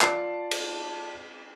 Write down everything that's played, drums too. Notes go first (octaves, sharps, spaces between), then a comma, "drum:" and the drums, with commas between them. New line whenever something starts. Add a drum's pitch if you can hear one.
F4 D5 A5 C7, drum: clap
drum: cymbal